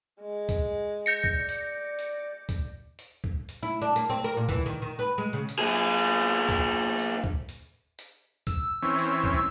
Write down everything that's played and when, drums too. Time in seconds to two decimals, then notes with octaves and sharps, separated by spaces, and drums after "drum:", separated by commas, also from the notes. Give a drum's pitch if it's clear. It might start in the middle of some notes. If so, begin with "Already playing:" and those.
0.21 G#3
0.49 drum: kick, hi-hat
1.06 G6 A#6 C#7
1.24 drum: kick
1.37 D5
1.49 drum: hi-hat
1.99 drum: hi-hat
2.49 drum: kick, hi-hat
2.99 drum: hi-hat
3.24 drum: kick
3.49 drum: hi-hat
3.63 E4
3.82 D4
3.96 A#3, drum: hi-hat
4.10 C4
4.24 A#4
4.37 A#2
4.49 E3, drum: kick, hi-hat
4.66 D#3
4.82 D#3
4.99 B4
5.18 G#3
5.33 C#3
5.49 drum: hi-hat
5.59 A#2 G#4
5.99 drum: hi-hat
6.49 drum: kick, hi-hat
6.99 drum: hi-hat
7.24 drum: kick
7.49 drum: hi-hat
7.99 drum: hi-hat
8.47 E6, drum: kick, hi-hat
8.83 E3 C4 C#4
8.99 drum: hi-hat
9.24 drum: kick
9.34 E6